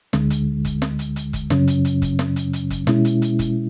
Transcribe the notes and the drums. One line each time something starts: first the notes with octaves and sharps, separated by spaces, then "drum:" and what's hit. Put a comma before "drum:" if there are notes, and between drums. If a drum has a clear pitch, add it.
D2 D3 G#3, drum: snare
drum: hi-hat
drum: kick F#1, hi-hat
drum: snare
drum: hi-hat
drum: hi-hat
drum: kick F#1, hi-hat
F#2 C#3 F#3 C#4, drum: snare
drum: hi-hat
drum: hi-hat
drum: kick F#1, hi-hat
drum: snare
drum: hi-hat
drum: hi-hat
drum: kick F#1, hi-hat
B2 G#3 C#4 E4, drum: snare
drum: hi-hat
drum: hi-hat
drum: kick F#1, hi-hat